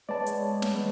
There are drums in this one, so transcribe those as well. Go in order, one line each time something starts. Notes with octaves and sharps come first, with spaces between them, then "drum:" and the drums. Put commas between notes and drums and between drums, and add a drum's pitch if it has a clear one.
G#3 B3 C#5 D5 A5
drum: hi-hat
drum: snare